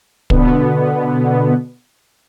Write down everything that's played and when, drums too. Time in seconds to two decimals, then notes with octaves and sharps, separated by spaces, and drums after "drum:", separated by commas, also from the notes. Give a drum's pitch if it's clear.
0.30 B2 D3 B3, drum: kick